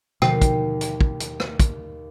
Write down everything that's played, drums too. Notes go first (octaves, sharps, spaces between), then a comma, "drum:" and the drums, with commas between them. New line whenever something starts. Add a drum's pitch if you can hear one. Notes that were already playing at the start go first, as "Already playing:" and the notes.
D#2 B2 D3 F3 G5, drum: rim click
drum: kick, hi-hat
drum: hi-hat
drum: kick
drum: hi-hat
drum: rim click
drum: kick, hi-hat